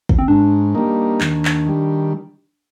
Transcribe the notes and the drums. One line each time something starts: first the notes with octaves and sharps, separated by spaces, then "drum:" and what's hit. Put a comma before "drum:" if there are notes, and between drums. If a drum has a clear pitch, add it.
drum: kick
C4
G#2 D4
G3 A#3 D#4
D#2, drum: clap
drum: clap
D#3 G3